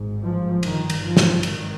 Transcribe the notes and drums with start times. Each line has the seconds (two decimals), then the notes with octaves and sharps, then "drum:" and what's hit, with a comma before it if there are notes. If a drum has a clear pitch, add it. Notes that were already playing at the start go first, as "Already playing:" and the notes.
Already playing: G#1 G#2
0.22 F3
0.63 G1 G2 D#3, drum: cymbal
0.90 drum: cymbal
1.03 F3
1.17 drum: snare
1.43 G#1 D#3, drum: cymbal